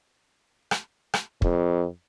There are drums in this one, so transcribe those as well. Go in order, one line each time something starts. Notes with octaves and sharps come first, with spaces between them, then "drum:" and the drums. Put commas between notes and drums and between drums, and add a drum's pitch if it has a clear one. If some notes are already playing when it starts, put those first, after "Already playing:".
drum: rim click
drum: rim click
F2, drum: kick